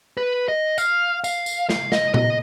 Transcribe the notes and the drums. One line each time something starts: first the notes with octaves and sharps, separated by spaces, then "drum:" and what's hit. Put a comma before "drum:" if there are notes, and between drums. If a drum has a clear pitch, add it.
B4
D#5
F5, drum: tambourine
F5, drum: tambourine
drum: tambourine
F5, drum: snare
D#5, drum: snare
D#5, drum: tom A#2